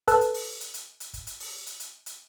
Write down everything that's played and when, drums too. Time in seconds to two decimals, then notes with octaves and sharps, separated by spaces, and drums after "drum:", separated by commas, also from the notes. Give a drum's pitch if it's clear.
0.08 A4 B4 A5 E6 F#6, drum: kick, hi-hat
0.21 drum: hi-hat
0.34 drum: open hi-hat
0.60 drum: hi-hat
0.74 drum: hi-hat
1.00 drum: hi-hat
1.13 drum: kick, hi-hat
1.27 drum: hi-hat
1.40 drum: open hi-hat
1.66 drum: hi-hat
1.80 drum: hi-hat
2.06 drum: hi-hat